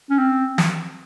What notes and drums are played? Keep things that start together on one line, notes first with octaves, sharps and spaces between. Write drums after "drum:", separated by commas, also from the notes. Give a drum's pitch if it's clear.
C#4
C4
drum: snare